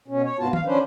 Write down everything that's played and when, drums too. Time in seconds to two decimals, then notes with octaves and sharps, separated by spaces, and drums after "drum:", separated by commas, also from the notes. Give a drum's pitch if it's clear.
0.08 B2 C#4
0.24 C#5
0.39 G#2 C3 B3 F4 F#4 A5
0.53 F5, drum: tom D#3
0.65 C#3 F3 C#4 D4 B4 C5